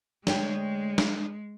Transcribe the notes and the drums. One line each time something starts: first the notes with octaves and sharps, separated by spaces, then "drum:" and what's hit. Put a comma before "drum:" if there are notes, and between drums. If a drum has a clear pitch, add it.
D2 G#3 C#5 G5, drum: snare
drum: snare